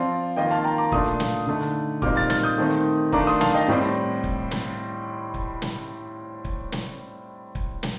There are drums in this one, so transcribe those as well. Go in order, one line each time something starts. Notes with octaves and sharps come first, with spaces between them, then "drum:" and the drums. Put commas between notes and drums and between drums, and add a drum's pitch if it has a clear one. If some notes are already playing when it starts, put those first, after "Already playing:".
Already playing: F3 C4 F4 D5 F5
D#3 A#3 F4 D#5 G5
F5 A5
G5 A#5
A#5 D6
A#2 A3 D4 F4 C6 D#6, drum: kick
drum: snare
D3 A3 D#4
A#2 G3 C4 D#4 D6 F6, drum: kick
F6 A6
F6 A6, drum: snare
D#6 G6
D#3 A3 C4 D#4
D#3 A3 D4 F4 A#5 D6, drum: kick
C6 D#6
F5 A5, drum: snare
D#5 G5
A2 G3 C4
drum: kick
drum: snare
drum: kick
drum: snare
drum: kick
drum: snare
drum: kick
drum: snare